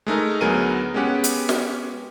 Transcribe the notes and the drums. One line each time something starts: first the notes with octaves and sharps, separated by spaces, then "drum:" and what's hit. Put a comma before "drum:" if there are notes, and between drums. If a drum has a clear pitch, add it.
G#3 A3 D#4 A#4
D2 F#3 B3 G#4 A#4 D#7
G#3 B3 C#4 G4 F#5
drum: hi-hat
drum: snare